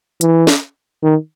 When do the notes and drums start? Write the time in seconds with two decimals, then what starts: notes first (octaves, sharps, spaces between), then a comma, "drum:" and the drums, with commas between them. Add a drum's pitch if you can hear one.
0.21 E3, drum: hi-hat
0.47 drum: snare
1.03 D#3